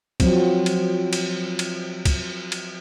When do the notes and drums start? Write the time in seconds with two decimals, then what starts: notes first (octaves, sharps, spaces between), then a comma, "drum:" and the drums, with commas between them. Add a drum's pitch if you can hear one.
0.20 F3 F#3 C4, drum: kick, cymbal
0.66 drum: cymbal
1.13 drum: cymbal
1.59 drum: cymbal
2.05 drum: kick, cymbal
2.52 drum: cymbal